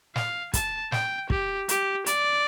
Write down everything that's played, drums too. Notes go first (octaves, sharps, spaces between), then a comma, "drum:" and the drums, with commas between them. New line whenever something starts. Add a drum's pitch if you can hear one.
F5, drum: snare
A5, drum: kick, hi-hat
G5, drum: snare
G4, drum: kick
G4, drum: hi-hat
D5, drum: hi-hat